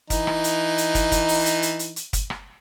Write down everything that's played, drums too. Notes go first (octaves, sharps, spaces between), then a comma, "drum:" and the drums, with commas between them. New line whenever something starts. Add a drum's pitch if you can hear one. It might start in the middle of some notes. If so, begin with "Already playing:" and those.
E3 D#4, drum: kick, hi-hat
drum: rim click
drum: hi-hat
drum: hi-hat
drum: kick, hi-hat
drum: kick, hi-hat
drum: open hi-hat
drum: hi-hat
drum: hi-hat
drum: hi-hat
drum: hi-hat
drum: kick, hi-hat
drum: rim click